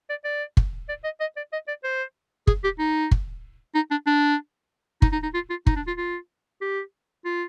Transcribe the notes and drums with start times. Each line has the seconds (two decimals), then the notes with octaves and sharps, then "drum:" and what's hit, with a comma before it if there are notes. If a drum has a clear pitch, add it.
0.10 D5
0.24 D5
0.57 drum: kick
0.89 D5
1.04 D#5
1.20 D#5
1.37 D5
1.53 D#5
1.68 D5
1.84 C5
2.47 G#4, drum: kick
2.64 G4
2.79 D#4
3.11 drum: kick
3.75 D#4
3.91 D4
4.07 D4
5.02 D#4, drum: kick
5.13 D#4
5.23 D#4
5.34 F4
5.50 F4
5.67 D#4, drum: kick
5.76 D4
5.87 F4
5.98 F4
6.62 G4
7.25 F4